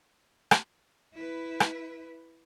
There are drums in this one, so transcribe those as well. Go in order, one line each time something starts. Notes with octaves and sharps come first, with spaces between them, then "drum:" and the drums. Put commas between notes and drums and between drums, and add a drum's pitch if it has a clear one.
drum: rim click
E4 B4
drum: rim click